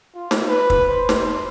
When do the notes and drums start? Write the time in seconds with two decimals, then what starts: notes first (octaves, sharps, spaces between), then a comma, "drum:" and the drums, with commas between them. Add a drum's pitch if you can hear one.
0.15 F4
0.31 drum: snare
0.48 B4
0.70 drum: kick
0.89 C5
1.09 drum: snare